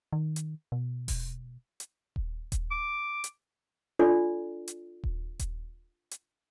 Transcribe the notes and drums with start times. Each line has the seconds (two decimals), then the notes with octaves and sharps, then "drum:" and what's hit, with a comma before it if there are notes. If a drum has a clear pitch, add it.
0.13 D#3
0.36 drum: hi-hat
0.72 B2
1.08 drum: kick D#1, open hi-hat
1.80 drum: hi-hat
2.16 drum: kick D#1
2.52 drum: kick D#1, hi-hat
2.71 D6
3.24 drum: hi-hat
3.99 D4 F4 A4 D5
4.68 drum: hi-hat
5.04 drum: kick D#1
5.39 drum: kick D#1, hi-hat
6.11 drum: hi-hat